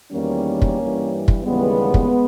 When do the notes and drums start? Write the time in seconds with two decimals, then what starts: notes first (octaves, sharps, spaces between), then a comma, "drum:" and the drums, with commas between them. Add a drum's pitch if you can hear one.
0.12 E2 D#3 G3 A#3 C#4
0.62 drum: kick
0.78 G2 E3 G3
1.28 drum: kick
1.44 D#2 C#3 E3 G3 G#3 B3
1.94 drum: kick